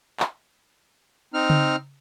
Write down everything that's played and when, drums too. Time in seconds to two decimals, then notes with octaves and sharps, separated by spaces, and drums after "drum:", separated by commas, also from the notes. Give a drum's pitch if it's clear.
0.20 drum: clap
1.34 C4 D#4 F6
1.50 drum: tom C#3